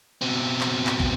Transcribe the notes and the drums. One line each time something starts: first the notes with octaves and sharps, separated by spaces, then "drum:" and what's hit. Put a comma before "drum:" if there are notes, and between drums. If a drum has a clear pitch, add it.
B2 C4
drum: clap
drum: clap
drum: kick